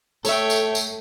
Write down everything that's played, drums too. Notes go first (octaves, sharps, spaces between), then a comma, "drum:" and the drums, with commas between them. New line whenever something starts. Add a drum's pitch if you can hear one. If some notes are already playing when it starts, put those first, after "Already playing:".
A3 A4 C#5 E5 G5, drum: tambourine
drum: tambourine
drum: tambourine